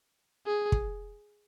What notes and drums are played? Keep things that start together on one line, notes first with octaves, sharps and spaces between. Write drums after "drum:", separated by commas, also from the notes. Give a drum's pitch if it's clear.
G#4
drum: kick